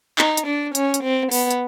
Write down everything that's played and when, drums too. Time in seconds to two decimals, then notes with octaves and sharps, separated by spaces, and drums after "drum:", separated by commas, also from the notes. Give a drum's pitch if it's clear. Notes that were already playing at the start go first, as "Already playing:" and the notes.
0.18 D#4, drum: clap
0.37 drum: hi-hat
0.47 D4
0.75 C#4, drum: hi-hat
0.94 drum: hi-hat
1.03 C4
1.32 B3, drum: open hi-hat
1.51 drum: hi-hat